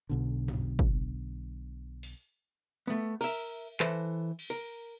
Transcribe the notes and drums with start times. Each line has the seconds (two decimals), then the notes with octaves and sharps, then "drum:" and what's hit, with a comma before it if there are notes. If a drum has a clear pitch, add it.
0.09 B1 B2 D3
0.48 drum: tom
0.79 drum: kick
2.03 drum: open hi-hat
2.87 A3 B3
3.21 A#4 E5, drum: cymbal
3.80 E3 A4 B4 C5, drum: clap
4.39 drum: cymbal
4.50 A#4